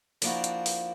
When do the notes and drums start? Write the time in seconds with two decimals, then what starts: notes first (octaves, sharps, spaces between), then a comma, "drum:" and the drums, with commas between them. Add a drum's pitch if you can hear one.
0.22 F3 A#3 D4 E4 F#4, drum: open hi-hat
0.44 drum: hi-hat
0.66 drum: open hi-hat